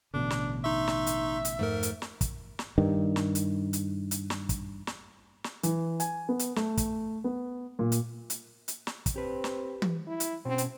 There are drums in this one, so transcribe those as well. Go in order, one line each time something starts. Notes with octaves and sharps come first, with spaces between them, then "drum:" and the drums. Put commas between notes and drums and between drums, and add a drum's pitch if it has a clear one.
A1 B2 D3 D4
drum: snare
D#4 E5 C6 C#6
drum: snare
drum: hi-hat
drum: hi-hat
F2 G#2 A3 A#4
drum: hi-hat
drum: snare
drum: kick, hi-hat
drum: snare
G2 D#3
drum: snare
drum: hi-hat
drum: hi-hat
drum: hi-hat
drum: snare
drum: kick, hi-hat
drum: snare
drum: snare
E3, drum: hi-hat
G#5, drum: hi-hat
B3
drum: hi-hat
A3, drum: snare
drum: kick, hi-hat
B3
A#2
drum: hi-hat
drum: hi-hat
drum: hi-hat
drum: snare
drum: kick, hi-hat
C4 G4 B4
drum: snare
drum: tom
E4
drum: hi-hat
B2 C4 C#4
drum: hi-hat